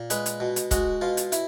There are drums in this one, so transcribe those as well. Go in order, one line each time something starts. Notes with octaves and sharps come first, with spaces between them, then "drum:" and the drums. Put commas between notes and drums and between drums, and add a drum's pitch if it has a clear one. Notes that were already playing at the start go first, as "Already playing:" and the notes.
Already playing: A#2
G#3 B4, drum: hi-hat
drum: hi-hat
B2
drum: hi-hat
G#3 F#4, drum: kick, hi-hat
B2 F4
drum: hi-hat
E4, drum: hi-hat